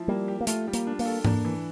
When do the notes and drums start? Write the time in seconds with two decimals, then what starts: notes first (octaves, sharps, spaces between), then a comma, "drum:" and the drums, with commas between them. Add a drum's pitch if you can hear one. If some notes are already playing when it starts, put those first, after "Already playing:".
Already playing: F3 E4
0.08 G3 A#3
0.28 G4
0.41 A#3
0.47 A3 F4, drum: hi-hat
0.67 G3
0.73 A#3, drum: hi-hat
0.87 D4
0.99 A#3, drum: open hi-hat
1.06 A4
1.25 A#3 D4, drum: tom G#2
1.45 E3